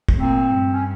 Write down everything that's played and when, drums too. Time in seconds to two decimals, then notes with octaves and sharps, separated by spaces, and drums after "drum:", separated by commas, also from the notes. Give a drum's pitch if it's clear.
0.09 drum: kick
0.19 A#2 C4
0.51 G2
0.73 C#4